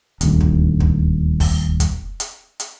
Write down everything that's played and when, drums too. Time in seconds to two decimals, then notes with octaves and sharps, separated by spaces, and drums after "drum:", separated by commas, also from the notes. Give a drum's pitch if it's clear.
0.21 D#1 D2, drum: hi-hat
0.41 drum: kick
0.80 drum: kick
1.40 drum: kick, open hi-hat
1.80 drum: kick, hi-hat
2.20 drum: hi-hat
2.60 drum: hi-hat